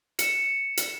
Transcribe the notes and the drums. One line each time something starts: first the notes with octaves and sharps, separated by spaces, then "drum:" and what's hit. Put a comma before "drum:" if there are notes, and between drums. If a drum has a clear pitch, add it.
C#7 E7, drum: hi-hat
drum: hi-hat